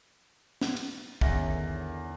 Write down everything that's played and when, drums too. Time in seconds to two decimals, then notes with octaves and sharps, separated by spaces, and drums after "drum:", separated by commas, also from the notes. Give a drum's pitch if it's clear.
0.61 drum: snare
0.76 drum: cymbal
1.21 E2 D3 D#3 C#4 E5 A#6, drum: kick